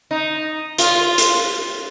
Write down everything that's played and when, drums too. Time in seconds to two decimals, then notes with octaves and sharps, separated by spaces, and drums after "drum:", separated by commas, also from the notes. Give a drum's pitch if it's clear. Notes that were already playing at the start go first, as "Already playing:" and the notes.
0.11 D#4
0.78 F4, drum: hi-hat
1.18 drum: hi-hat